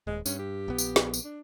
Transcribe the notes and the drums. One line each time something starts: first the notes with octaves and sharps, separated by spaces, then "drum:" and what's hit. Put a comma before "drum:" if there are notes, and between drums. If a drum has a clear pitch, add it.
D#1 G#3
G2 C#4, drum: tambourine
G4
A#1 B3
drum: tambourine
drum: snare
drum: tambourine
D4